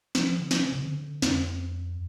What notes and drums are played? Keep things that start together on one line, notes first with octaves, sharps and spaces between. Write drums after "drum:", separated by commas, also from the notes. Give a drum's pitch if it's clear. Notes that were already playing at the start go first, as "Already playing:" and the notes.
F3, drum: snare
F3
D3
F3, drum: snare
D3
C#3
D3
F2, drum: snare